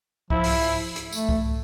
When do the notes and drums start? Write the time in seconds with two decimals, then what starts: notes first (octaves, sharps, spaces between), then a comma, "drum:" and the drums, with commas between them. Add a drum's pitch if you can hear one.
0.30 F3 E4, drum: kick C2
0.44 drum: open hi-hat
0.96 drum: hi-hat
1.12 A3, drum: tambourine
1.29 drum: kick C2